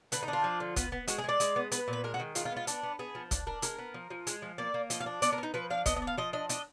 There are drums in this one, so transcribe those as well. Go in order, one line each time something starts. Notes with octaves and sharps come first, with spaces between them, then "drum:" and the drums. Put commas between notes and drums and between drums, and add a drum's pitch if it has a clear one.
D3 B4, drum: hi-hat
D#4
D4
F4
F3
D3
B3, drum: kick, hi-hat
B3
G#3 F#4, drum: hi-hat
G#4
G#3 D5
G#3, drum: hi-hat
B3
B3 B4, drum: hi-hat
A#2
B4
G#3 A#4
F#4
D#3
G#3 F4, drum: hi-hat
F4
B3
F4
D4, drum: hi-hat
B3
B3 G#4
F3
D4, drum: kick, hi-hat
D4 A#4
G#3 A#4, drum: hi-hat
B3
F3
F3
G#3, drum: hi-hat
F3
A#3 D5
A#3
F3 D#5, drum: hi-hat
F5
D4
B3 D5, drum: hi-hat
A#4
B3
D#4
F3 B4
D4 F5
B3 D#5, drum: kick, hi-hat
D#5
D4
F5
F3 D#5
D4 D#5
D4 D#5, drum: hi-hat